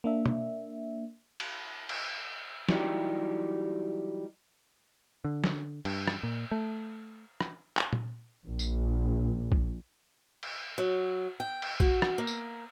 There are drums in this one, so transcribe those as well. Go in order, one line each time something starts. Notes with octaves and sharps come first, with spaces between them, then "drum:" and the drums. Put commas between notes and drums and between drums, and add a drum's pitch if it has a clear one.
A#3 D4 E5
drum: tom
drum: cymbal
drum: cymbal
E3 F#3 G3 D#4 G4, drum: snare
D3
drum: snare
G2, drum: cymbal
drum: rim click
A#2
A3
drum: rim click
drum: clap
drum: tom A#2
A#1
drum: tambourine
drum: kick
drum: cymbal
F#3
G5
drum: cymbal
F#4, drum: kick
drum: rim click
A#3
drum: tambourine